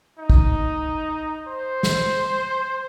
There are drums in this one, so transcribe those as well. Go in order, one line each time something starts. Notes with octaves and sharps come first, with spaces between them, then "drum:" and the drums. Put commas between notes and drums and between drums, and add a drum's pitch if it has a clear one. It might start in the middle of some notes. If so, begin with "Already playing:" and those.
D#4
drum: kick
C5
drum: snare